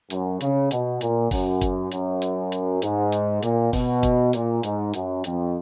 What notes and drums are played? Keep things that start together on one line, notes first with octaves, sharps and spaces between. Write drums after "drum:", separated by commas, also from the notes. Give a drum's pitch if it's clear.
F#2, drum: hi-hat
C#3, drum: hi-hat
B2, drum: hi-hat
A#2, drum: hi-hat
F#2, drum: kick F#1, open hi-hat
drum: kick F#1, hi-hat
F#2, drum: hi-hat
drum: hi-hat
drum: hi-hat
G#2, drum: hi-hat
drum: hi-hat
A#2, drum: hi-hat
B2, drum: kick F#1, open hi-hat
drum: kick F#1, hi-hat
A#2, drum: hi-hat
G#2, drum: hi-hat
F#2, drum: hi-hat
F2, drum: hi-hat